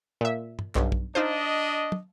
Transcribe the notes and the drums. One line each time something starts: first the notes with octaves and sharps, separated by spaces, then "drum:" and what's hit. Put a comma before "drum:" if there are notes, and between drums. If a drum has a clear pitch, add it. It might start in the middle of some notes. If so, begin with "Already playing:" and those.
A#2 E5
drum: tom
B1 G2, drum: clap
drum: kick
D4 D#4 F4 C5 D#5
drum: tom